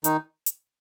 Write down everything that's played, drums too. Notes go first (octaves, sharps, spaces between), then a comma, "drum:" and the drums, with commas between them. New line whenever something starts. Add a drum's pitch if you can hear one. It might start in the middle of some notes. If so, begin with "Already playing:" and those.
D#3 D#4, drum: hi-hat
drum: hi-hat